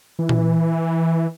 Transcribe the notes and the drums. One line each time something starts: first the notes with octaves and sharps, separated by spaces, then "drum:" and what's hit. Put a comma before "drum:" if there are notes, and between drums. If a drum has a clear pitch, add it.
E3
drum: tom A#2